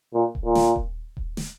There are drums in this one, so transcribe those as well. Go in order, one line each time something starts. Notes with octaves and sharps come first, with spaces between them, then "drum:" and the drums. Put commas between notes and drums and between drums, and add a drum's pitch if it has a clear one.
A#2
drum: kick D#1
A#2
drum: snare
drum: kick D#1
drum: kick D#1
drum: snare